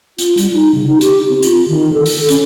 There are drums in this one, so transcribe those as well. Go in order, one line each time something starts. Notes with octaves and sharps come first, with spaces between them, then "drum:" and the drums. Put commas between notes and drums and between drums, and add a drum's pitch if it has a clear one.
F4, drum: hi-hat
G3, drum: hi-hat
D#4
C#3
D#4
G4, drum: hi-hat
C4
F4, drum: hi-hat
D#3
A4
drum: open hi-hat
C#4, drum: hi-hat